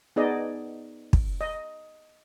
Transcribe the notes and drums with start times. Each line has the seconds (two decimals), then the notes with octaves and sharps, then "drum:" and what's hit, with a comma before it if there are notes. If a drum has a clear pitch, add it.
0.16 B3 D#4 G#4 D5 D#5
1.13 drum: kick
1.41 D#5